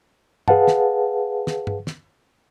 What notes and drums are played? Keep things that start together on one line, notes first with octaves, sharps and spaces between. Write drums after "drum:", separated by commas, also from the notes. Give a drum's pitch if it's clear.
G#4 B4 F5 F#5 A5, drum: tom G2
drum: snare
drum: snare
drum: tom G2
drum: snare